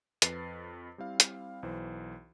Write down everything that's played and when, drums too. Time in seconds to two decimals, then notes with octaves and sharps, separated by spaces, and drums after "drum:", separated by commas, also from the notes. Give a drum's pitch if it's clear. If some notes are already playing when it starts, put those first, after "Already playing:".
0.22 F2 B4 A6 C7, drum: hi-hat
0.98 G3 C4 E4 F5
1.20 drum: hi-hat
1.63 B1 E3 C5